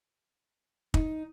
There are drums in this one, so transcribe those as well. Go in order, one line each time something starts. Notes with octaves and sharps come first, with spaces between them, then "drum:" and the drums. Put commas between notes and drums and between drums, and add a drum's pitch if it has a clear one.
D#4, drum: kick